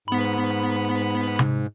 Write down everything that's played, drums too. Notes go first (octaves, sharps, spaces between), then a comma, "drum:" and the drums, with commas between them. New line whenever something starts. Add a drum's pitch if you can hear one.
G#2 B3 B5
drum: tom C3